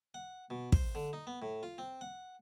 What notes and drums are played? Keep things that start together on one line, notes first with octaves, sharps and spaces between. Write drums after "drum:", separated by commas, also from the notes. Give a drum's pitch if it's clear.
F#5
B2
C5, drum: kick
D3
D#4
B3
A2
F4
C4
F#5